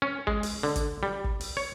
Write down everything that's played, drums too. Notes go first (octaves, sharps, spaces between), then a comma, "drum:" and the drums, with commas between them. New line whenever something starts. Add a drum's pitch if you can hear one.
C#4
G#3, drum: kick
drum: open hi-hat
D3
drum: kick, hi-hat
G3
drum: kick
drum: open hi-hat
C#5